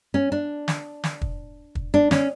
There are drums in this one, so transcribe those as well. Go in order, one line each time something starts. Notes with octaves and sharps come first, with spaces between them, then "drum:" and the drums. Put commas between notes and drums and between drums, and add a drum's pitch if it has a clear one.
C#4
D4
drum: snare
drum: snare
drum: kick
drum: kick
D4
C#4, drum: snare